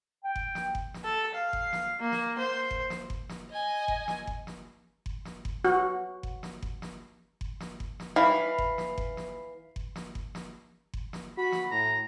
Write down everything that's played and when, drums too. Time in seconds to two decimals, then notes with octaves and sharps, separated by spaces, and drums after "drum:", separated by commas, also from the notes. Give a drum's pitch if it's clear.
0.24 G5
0.36 drum: kick F#1
0.55 drum: snare
0.75 drum: kick F#1
0.94 drum: snare
1.04 A4
1.35 F5
1.53 drum: kick F#1
1.73 drum: snare
2.00 A#3
2.12 drum: snare
2.39 C5
2.71 drum: kick F#1
2.90 drum: snare
3.10 drum: kick F#1
3.29 drum: snare
3.51 D#5 G#5
3.88 drum: kick F#1
4.08 drum: snare
4.27 drum: kick F#1
4.47 drum: snare
5.06 drum: kick F#1
5.25 drum: snare
5.45 drum: kick F#1
5.65 F#4, drum: snare
6.23 drum: kick F#1
6.43 drum: snare
6.62 drum: kick F#1
6.82 drum: snare
7.41 drum: kick F#1
7.60 drum: snare
7.80 drum: kick F#1
8.00 drum: snare
8.16 E3 F5 B5
8.58 drum: kick F#1
8.78 drum: snare
8.98 drum: kick F#1
9.17 drum: snare
9.76 drum: kick F#1
9.96 drum: snare
10.15 drum: kick F#1
10.35 drum: snare
10.93 drum: kick F#1
11.13 drum: snare
11.37 F#4 B5
11.52 drum: snare
11.71 A2 A#5